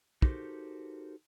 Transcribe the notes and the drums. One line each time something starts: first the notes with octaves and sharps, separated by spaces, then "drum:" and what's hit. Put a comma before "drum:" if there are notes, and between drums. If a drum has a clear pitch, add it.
D#4 F#4 G4 A4 A#4 C5, drum: kick